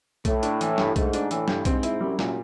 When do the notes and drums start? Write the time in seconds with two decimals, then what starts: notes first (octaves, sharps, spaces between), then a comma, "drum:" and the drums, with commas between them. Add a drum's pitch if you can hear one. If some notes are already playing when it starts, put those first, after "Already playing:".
0.25 A2 A3, drum: kick B1, hi-hat
0.43 D4, drum: hi-hat
0.61 E3, drum: hi-hat
0.78 G2, drum: snare
0.96 G#2 A3, drum: kick B1, hi-hat
1.13 D4, drum: hi-hat
1.31 A2 E3, drum: hi-hat
1.48 G2, drum: snare
1.65 G#2 C4, drum: kick B1, hi-hat
1.83 E4, drum: hi-hat
2.01 F#2 G3
2.19 A#2, drum: snare